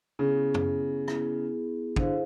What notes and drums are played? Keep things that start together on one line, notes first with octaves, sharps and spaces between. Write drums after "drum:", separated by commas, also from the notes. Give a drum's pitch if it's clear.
C#3 B3 E4 G#4
drum: tom
B3 E4 G#4, drum: rim click
D3 E4 G#4 C5 F5, drum: kick